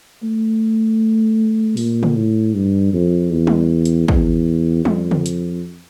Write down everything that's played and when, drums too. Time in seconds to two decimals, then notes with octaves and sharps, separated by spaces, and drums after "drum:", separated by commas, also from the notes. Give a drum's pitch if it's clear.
0.23 A3
1.77 A#2, drum: open hi-hat
2.03 drum: tom C#3
2.16 A2
2.54 G2
2.93 F2
3.31 E2
3.47 drum: tom G3
3.85 drum: hi-hat
4.08 E2, drum: kick
4.85 F2, drum: tom G3
5.11 drum: tom C#3
5.26 drum: hi-hat